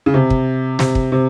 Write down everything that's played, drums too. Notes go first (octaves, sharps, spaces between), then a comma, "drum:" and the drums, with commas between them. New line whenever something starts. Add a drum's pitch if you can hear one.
C#3
C3
drum: kick
C3, drum: snare
drum: kick
C3